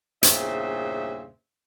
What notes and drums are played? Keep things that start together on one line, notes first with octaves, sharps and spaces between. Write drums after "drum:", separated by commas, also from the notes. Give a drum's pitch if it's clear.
E2 G2 A#2 C#3 C5 E5, drum: hi-hat